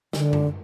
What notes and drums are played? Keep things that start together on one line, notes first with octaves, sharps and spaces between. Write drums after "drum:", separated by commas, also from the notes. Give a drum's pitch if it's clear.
D3, drum: snare
drum: tom F#2